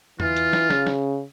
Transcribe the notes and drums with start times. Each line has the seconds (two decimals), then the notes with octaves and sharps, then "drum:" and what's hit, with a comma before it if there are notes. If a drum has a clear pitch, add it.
0.20 E3 F4, drum: tom E2
0.36 drum: hi-hat
0.53 drum: snare
0.70 C#3, drum: snare
0.86 drum: snare